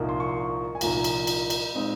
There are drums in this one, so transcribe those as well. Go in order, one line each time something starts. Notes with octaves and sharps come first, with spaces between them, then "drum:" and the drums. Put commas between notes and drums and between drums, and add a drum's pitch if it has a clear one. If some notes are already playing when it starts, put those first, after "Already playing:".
Already playing: C2 A#2 F3 A#3 D#4
C6
C#6
G#5
C2 A#2 F3 A#3 D#4 A#5, drum: cymbal
drum: cymbal
drum: cymbal
drum: cymbal
A#2 G#3 C4 D#4